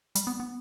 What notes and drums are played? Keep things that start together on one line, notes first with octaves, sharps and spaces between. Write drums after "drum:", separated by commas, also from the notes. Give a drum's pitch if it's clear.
G3, drum: hi-hat
B3
B3